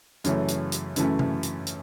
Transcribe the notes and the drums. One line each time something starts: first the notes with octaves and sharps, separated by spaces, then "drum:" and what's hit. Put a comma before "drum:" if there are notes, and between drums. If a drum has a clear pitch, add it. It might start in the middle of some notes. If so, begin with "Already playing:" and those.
F#2 C#3 E3 A3 C#4, drum: hi-hat
drum: hi-hat
drum: hi-hat
F#2 C#3 E3 A3 C#4, drum: hi-hat
drum: tom
drum: hi-hat
drum: hi-hat